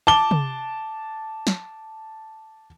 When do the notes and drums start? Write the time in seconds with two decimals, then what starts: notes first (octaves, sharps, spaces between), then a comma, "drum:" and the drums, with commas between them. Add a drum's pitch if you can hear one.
0.07 A5 D6 G7
0.31 drum: tom
1.47 drum: snare